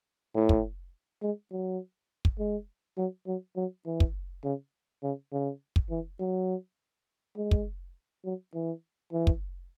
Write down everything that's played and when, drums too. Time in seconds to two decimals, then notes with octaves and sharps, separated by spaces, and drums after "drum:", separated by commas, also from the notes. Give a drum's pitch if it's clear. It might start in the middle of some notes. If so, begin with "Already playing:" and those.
0.35 A2
0.49 drum: kick
1.22 G#3
1.52 F#3
2.25 drum: kick
2.39 G#3
2.98 F#3
3.27 F#3
3.56 F#3
3.86 E3
4.00 drum: kick
4.44 C#3
5.03 C#3
5.32 C#3
5.76 drum: kick
5.90 E3
6.20 F#3
7.37 G#3
7.51 drum: kick
8.24 F#3
8.54 E3
9.13 E3
9.27 drum: kick